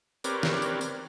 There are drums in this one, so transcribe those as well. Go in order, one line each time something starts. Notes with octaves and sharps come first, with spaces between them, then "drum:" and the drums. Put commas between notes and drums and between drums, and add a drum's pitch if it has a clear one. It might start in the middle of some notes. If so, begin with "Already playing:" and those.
C4 G4 A#4 B4 C#5 D5, drum: tambourine
drum: snare
drum: tambourine
drum: tambourine